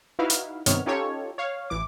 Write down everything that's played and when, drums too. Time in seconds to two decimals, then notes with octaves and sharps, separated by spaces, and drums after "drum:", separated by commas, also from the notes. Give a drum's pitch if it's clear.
0.19 D#4 E4 F#4 B4 F5
0.30 drum: hi-hat
0.66 G2 C3 D#3 B3 C#5 F6, drum: hi-hat
0.86 C#4 D#4 F4 G4 A4 C#5
1.38 C#5 F5
1.70 A1 E3 D6